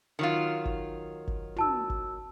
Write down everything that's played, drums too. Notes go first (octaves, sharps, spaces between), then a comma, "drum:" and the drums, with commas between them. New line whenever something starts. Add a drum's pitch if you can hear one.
D#3 F#3 F4
drum: kick G1
drum: kick G1
F#4 A5 E6, drum: tom
drum: kick G1